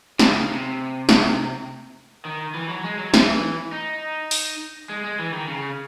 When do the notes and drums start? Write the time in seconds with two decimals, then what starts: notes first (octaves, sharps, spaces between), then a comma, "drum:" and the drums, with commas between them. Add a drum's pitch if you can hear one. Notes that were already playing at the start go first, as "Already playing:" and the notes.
0.19 C#3, drum: snare
0.49 C3
1.09 drum: snare
2.25 D#3
2.54 E3
2.69 F#3
2.84 G#3
2.99 F#3
3.14 E3, drum: snare
3.72 D#4
4.31 drum: open hi-hat
4.89 G#3
5.04 G#3
5.19 E3
5.33 D#3
5.48 C#3